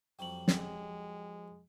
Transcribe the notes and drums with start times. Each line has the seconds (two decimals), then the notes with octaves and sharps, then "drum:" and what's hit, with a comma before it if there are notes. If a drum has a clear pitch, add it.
0.19 F2 F#3 G3 G5 F#7
0.48 G#3, drum: snare